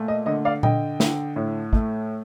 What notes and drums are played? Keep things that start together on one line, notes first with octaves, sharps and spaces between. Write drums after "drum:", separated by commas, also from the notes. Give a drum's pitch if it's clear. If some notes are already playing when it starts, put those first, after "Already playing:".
Already playing: A#2 A3
D#5
D3 D#5
D5 F5
D3 D#5 G5, drum: tom A#2
D3, drum: snare
A2
A3, drum: kick